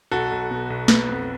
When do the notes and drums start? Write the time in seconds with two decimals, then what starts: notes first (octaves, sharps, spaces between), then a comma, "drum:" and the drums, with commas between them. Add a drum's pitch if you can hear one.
0.12 B1 F#4 A4
0.32 B1
0.51 B2
0.70 B1
0.88 B3, drum: snare
1.08 F2